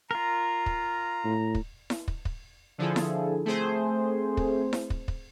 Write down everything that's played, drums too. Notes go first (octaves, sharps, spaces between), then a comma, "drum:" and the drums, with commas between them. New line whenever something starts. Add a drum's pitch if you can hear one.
F4 A#4 A#5
drum: kick
A2
drum: kick
drum: snare E4
drum: kick
drum: kick
D3 F3 E4 G#4 A4
drum: snare E4
A3 C4 G#4 C5
drum: kick
drum: snare E4
drum: kick
drum: kick